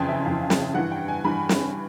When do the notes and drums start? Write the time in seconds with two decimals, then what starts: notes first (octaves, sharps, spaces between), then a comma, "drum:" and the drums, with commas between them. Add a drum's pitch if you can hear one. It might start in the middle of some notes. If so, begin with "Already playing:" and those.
Already playing: F2 C#3 E3 G5 G#5 C6
0.09 E5
0.25 F2 C#3 E3 F5
0.50 drum: snare
0.74 G2 E3 F#5
0.92 G5
1.08 G#5
1.25 G2 E3 B5
1.49 drum: snare